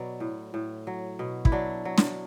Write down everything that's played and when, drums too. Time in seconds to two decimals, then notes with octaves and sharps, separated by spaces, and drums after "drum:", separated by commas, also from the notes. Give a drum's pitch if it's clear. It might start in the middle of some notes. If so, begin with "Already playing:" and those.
Already playing: B2 F#3 B4 D5
0.20 A2
0.54 A2
0.87 F#3
1.19 B2
1.45 E4, drum: kick
1.52 F#3 D4
1.85 F#3
1.98 drum: snare